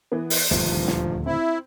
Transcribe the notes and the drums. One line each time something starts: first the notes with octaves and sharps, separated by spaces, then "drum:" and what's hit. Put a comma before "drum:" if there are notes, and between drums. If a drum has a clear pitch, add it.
E3 B3
drum: open hi-hat
D#1 G#1 D2 G2 F3
drum: snare
C4 E4